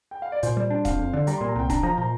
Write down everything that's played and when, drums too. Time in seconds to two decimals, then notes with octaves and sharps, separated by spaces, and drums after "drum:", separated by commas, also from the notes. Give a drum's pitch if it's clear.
0.11 G5
0.22 F5
0.32 D5
0.43 A#2 C5, drum: hi-hat
0.57 G3
0.71 D4
0.85 F2 F5, drum: kick D#1, hi-hat
0.99 F2
1.13 D3
1.27 G3 A#5, drum: hi-hat
1.38 C6
1.41 A#2
1.48 A#5
1.56 C2 G5
1.70 D4 A#5, drum: kick D#1, hi-hat
1.83 F3 A#5
1.98 A#2 A#5